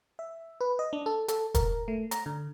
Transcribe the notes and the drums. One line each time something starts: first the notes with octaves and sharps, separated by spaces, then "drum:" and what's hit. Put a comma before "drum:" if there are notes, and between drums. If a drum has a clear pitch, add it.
E5
B4
D#5
D4
A4
A4, drum: hi-hat
A#4, drum: kick, hi-hat
A3
A#5, drum: hi-hat
D3